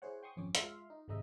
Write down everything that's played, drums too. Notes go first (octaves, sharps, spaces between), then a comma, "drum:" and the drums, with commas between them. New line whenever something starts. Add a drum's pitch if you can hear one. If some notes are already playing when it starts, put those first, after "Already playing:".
E4 G#4 C5 C#5 F#5
G5 C6 C#6 D#6
G#1 F2 C#4 C#5 D6
G#3 F4 E5 C6 F6, drum: hi-hat
D#4
G#1 C3 G#3 D#4 D#5 E5